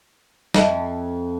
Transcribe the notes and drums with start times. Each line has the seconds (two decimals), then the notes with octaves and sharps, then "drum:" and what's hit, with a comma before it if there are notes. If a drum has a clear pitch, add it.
0.54 F2 D#5 E5, drum: snare